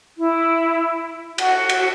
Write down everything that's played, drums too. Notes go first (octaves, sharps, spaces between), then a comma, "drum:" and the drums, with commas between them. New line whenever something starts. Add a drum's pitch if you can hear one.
E4
F#4, drum: cymbal
drum: cymbal